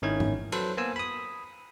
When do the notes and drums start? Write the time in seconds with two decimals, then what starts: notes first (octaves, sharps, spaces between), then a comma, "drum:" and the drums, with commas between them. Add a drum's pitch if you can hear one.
0.02 G#1 D#3 C#4 E4 G#6
0.20 drum: tom G#2
0.52 F#3 A4 B4 C5, drum: cymbal
0.77 A#3 B3 C5 G#5 E6
0.96 B5 D#6